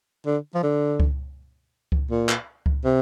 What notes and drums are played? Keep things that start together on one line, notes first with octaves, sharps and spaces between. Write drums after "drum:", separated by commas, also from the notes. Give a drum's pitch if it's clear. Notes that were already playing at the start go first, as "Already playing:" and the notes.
D3
F3
D3
drum: kick C#2
drum: kick C#2
A#2
drum: clap
drum: kick C#2
C3